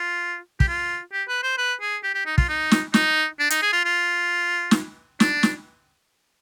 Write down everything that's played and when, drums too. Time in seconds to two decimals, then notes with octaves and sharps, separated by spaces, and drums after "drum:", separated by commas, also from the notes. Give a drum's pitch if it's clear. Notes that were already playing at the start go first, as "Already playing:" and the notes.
Already playing: F4
0.60 G4, drum: kick
0.68 F4
1.13 G4
1.29 B4
1.43 C5
1.58 B4
1.81 G#4
2.03 G4
2.15 G4
2.26 D#4
2.38 F4, drum: kick
2.49 D#4
2.71 drum: snare
2.94 D#4, drum: snare
3.40 D4
3.50 D#4, drum: hi-hat
3.62 G#4
3.73 F4
3.85 F4
4.71 drum: snare
5.20 D4, drum: snare
5.43 drum: snare